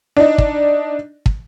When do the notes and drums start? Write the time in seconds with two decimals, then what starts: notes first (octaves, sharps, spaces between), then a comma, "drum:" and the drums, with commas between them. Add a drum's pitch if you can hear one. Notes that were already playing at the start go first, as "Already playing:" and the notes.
0.17 D4 D#4
0.38 drum: kick
1.26 drum: kick